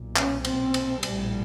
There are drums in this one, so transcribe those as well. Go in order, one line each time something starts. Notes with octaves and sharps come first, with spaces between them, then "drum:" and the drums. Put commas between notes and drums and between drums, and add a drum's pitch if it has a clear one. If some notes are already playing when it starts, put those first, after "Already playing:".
Already playing: B1 A#2
C#4, drum: clap
C4, drum: cymbal
drum: cymbal
A#1 A2 G3, drum: cymbal